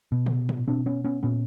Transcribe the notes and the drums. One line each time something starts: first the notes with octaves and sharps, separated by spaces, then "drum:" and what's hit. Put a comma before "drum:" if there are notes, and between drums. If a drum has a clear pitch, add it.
B2
drum: tom
drum: tom A2
B2 C4 D4
B3 C#4
B3 C#4
A#2 B3 C#4